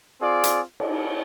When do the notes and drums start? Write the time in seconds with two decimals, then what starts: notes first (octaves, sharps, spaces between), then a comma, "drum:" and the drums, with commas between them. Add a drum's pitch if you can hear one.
0.20 C4 F4 G#4 D5
0.44 drum: hi-hat
0.80 drum: cymbal